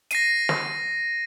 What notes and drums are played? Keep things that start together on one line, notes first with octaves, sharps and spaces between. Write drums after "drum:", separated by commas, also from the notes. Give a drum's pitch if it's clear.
A#6 C7 D#7, drum: hi-hat
drum: snare